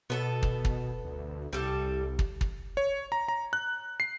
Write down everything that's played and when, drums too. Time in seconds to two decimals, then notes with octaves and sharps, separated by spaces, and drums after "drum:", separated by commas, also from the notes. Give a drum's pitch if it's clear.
0.10 B2 B3 A4
0.43 drum: kick
0.65 drum: kick
1.04 D2
1.53 C2 G3 A4
2.19 drum: kick
2.41 drum: kick
2.77 C#5
3.12 A#5
3.28 A#5
3.53 F#6
4.00 C7